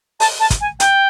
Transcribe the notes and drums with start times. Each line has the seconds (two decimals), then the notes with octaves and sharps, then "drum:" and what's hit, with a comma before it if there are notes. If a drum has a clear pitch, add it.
0.20 A5, drum: open hi-hat
0.40 A5
0.50 drum: kick, hi-hat
0.61 G#5
0.80 G5, drum: hi-hat